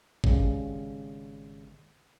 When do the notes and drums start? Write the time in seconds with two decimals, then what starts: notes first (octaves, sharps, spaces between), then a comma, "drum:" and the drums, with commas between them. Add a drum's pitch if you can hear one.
0.24 G#1 C#3 G3, drum: kick